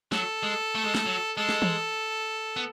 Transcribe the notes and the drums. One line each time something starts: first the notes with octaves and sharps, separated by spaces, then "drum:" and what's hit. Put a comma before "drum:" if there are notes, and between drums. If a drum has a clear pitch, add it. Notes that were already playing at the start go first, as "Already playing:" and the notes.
F#3 A4, drum: snare
G#3
A3
G#3
A3, drum: snare
F#3
G#3 A4
drum: snare
drum: tom E3
B3